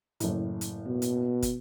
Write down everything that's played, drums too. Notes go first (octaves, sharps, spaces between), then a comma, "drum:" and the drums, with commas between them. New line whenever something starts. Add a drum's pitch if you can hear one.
F#1 A2, drum: hi-hat
drum: hi-hat
B2
drum: hi-hat
drum: kick, hi-hat